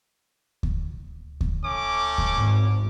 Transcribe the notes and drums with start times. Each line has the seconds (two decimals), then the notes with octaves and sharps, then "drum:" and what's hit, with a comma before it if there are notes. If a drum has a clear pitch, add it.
0.63 drum: kick D2
1.41 drum: kick D2
1.64 A3 C#4 D6
2.18 drum: kick D2
2.38 G#1